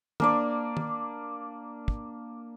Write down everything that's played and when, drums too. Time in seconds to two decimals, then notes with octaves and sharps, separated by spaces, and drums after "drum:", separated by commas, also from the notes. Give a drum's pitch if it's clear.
0.20 A#3 D4 D5, drum: tom D#3
0.77 drum: tom D#3
1.88 drum: kick